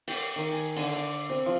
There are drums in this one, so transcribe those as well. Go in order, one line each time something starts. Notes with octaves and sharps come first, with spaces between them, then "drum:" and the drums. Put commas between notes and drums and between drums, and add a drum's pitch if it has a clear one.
G4, drum: open hi-hat
D#3
G#5
D3, drum: open hi-hat
D5
C3
F3